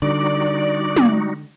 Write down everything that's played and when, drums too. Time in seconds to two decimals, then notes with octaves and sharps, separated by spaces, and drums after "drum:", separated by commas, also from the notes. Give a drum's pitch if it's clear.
0.02 D3 G3 D#4 F#4 D5
0.96 drum: tom